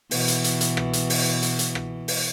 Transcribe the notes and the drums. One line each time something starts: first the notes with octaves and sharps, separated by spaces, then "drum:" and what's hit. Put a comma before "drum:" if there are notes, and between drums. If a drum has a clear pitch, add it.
B2 E3, drum: open hi-hat
drum: hi-hat
drum: hi-hat
drum: hi-hat
drum: rim click
drum: hi-hat
drum: open hi-hat
drum: hi-hat
drum: hi-hat
drum: rim click
drum: open hi-hat